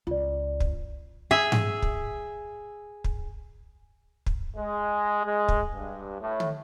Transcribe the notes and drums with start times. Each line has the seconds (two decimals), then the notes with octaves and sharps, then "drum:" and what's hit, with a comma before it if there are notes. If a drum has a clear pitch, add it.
0.07 C#2 F4 D5
0.60 drum: kick
1.31 G#4 E5
1.52 drum: tom G#2
1.82 drum: kick
3.04 drum: kick
4.26 drum: kick
4.57 G#3
5.24 G#3
5.48 drum: kick
5.75 G2
6.20 A2
6.40 drum: tom